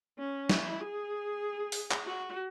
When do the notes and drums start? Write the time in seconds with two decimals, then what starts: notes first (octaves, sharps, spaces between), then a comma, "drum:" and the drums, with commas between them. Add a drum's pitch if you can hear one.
0.18 C#4
0.49 E4, drum: snare
0.80 G#4
1.72 drum: open hi-hat
1.91 drum: clap
2.06 F#4